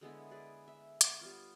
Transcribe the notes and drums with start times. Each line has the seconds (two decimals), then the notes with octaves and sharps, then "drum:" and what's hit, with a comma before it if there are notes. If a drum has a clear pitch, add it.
0.01 D3 G#3 B3 E4
0.31 G#4 B4 D5
0.68 E5
1.01 drum: hi-hat
1.21 G3 B3 F4